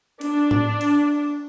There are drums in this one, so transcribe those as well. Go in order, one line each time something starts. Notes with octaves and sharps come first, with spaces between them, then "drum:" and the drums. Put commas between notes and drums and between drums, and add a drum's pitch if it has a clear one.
D4, drum: cymbal
drum: tom A2
drum: cymbal